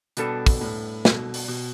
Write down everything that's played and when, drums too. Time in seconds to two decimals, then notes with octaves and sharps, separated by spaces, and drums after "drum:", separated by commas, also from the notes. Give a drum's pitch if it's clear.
0.17 B2 G3 B3 D4 A4, drum: hi-hat
0.46 drum: kick, open hi-hat
0.61 A2
1.05 B2, drum: snare
1.34 drum: open hi-hat
1.48 B2